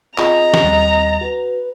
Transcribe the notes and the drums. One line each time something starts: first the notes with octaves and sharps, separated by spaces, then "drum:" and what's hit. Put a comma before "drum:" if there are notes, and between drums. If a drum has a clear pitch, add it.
C4 F4 G#4 D#5 A#5, drum: clap
drum: snare
D#2 G3 A6
F#4 B4